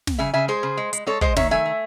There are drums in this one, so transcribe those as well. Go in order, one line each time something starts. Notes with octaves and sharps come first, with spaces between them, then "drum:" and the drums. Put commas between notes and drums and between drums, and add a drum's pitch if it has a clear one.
drum: snare
C#3 E5 G#5
C#3 E5 G#5
G#3 G#4 C5
C#3
G#3
G#3, drum: hi-hat
G#3 A4 C#5
G#3 C5 D#5, drum: kick
D#3 C#5 E5, drum: snare
A3 E5 G#5
A3